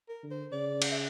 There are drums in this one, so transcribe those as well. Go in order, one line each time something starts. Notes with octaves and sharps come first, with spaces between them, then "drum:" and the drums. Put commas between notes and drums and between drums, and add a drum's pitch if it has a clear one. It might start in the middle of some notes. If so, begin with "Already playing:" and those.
A#4
D3
C5
C#3 D5
drum: cymbal
E5